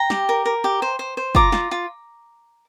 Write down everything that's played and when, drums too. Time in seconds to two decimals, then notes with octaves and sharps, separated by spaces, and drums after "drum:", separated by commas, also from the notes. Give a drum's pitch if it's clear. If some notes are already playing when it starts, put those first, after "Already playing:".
Already playing: G5 A#5
0.10 G4, drum: snare
0.29 A#4
0.45 A#4
0.64 G4
0.82 C5
0.99 C5
1.17 C5
1.35 F4 A#5 D6, drum: kick
1.52 F4, drum: snare
1.71 F4